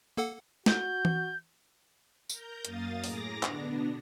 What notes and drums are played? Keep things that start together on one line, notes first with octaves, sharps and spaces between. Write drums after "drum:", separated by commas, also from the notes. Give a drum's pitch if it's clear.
A#3 A4 F#5
F#4 G6, drum: snare
drum: tom E3
A#4 A#5 G6, drum: tambourine
F#2 A#3 F5 D#6 A6, drum: hi-hat
A2 G#4 A#5 D6 A#6, drum: open hi-hat
B2 D3 B3 D4, drum: clap